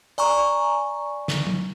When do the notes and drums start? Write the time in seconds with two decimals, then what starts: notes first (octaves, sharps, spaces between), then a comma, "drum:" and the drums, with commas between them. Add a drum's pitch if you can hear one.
0.18 D5 G#5 A#5 C#6
1.28 drum: snare
1.47 drum: tom